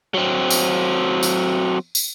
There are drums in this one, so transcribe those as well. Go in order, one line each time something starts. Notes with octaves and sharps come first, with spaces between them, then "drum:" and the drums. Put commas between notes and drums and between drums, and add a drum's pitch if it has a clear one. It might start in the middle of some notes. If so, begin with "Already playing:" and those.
F#3 C4
drum: tambourine
drum: tambourine
drum: tambourine